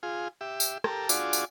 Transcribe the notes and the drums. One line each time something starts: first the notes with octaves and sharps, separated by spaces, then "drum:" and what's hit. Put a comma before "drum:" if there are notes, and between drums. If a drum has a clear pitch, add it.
F4 G#4
G4 E5
drum: tambourine
G4 A4 A#4, drum: rim click
D4 F4 F#4 G#4 D5, drum: tambourine
drum: tambourine